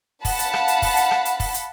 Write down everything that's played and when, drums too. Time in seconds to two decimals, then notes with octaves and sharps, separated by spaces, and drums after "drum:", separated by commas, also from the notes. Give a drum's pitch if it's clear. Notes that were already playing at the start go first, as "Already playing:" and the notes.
0.25 F5 F#5 A5 B5, drum: kick, open hi-hat
0.39 drum: hi-hat
0.53 drum: rim click
0.68 drum: hi-hat
0.82 drum: kick, open hi-hat
0.97 drum: hi-hat
1.11 drum: rim click
1.25 drum: hi-hat
1.40 drum: kick, open hi-hat
1.54 drum: hi-hat